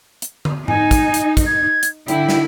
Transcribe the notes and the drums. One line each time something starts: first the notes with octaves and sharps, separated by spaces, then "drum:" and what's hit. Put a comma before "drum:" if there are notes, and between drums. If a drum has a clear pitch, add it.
drum: hi-hat
drum: tom
D#4 G#5, drum: tom G#2
drum: kick, hi-hat
drum: hi-hat
drum: kick, hi-hat
G#6
drum: hi-hat
D3 E4 G5, drum: hi-hat
drum: snare